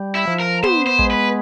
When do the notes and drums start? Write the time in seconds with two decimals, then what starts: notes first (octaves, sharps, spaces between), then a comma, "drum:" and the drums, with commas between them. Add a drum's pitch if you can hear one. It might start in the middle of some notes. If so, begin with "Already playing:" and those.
Already playing: G3
0.15 E4
0.27 F3
0.40 A#4
0.63 B3 C5, drum: tom
0.87 C5
0.99 G#3, drum: kick
1.11 B4